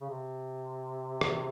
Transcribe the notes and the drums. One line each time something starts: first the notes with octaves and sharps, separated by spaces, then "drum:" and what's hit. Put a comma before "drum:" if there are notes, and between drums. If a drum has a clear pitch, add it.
C#3
C3
drum: rim click